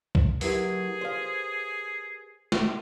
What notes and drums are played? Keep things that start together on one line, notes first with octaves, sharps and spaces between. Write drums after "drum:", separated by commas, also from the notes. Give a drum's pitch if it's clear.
drum: kick
F#3 E4 G4 G#4 A#4 B4, drum: open hi-hat
C5 F5
drum: snare